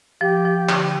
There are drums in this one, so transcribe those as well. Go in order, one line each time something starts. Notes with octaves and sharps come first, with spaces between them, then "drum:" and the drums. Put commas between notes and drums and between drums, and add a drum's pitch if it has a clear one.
F3 G4
F3
D3, drum: clap